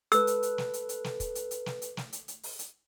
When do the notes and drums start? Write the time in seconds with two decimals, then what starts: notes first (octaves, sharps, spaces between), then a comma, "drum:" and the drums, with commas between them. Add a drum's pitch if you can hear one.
0.12 A4 B4 E6, drum: hi-hat
0.27 drum: hi-hat
0.43 drum: hi-hat
0.58 drum: snare
0.74 drum: hi-hat
0.89 drum: hi-hat
1.04 drum: snare
1.20 drum: kick, hi-hat
1.35 drum: hi-hat
1.51 drum: hi-hat
1.66 drum: snare
1.82 drum: hi-hat
1.97 drum: snare
2.13 drum: hi-hat
2.28 drum: hi-hat
2.43 drum: open hi-hat
2.59 drum: hi-hat